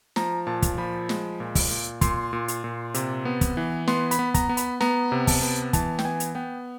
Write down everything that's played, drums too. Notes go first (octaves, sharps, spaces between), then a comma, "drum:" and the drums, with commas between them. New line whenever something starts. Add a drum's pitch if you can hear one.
F3 A#5, drum: snare
A#2 A5
drum: kick, hi-hat
F3 B5
G#3, drum: snare
A#2
drum: kick, open hi-hat
A#2
A#2 C6, drum: kick, hi-hat
A#2
drum: hi-hat
A#2
C3, drum: hi-hat
B3
drum: kick, hi-hat
E3
B3 C6, drum: snare
B5, drum: hi-hat
B3
A#5, drum: kick, hi-hat
B3
B5, drum: hi-hat
B3 A#5, drum: snare
C3
A5, drum: kick, open hi-hat
B3
E3 A5, drum: kick, hi-hat
G5, drum: snare
B3 G#5
drum: hi-hat
B3 G5